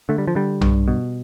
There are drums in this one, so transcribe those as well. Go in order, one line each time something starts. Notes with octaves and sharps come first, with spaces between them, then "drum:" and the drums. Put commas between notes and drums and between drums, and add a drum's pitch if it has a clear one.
D3 A3
G3
F3
D3 G3
G2, drum: tom B1
B2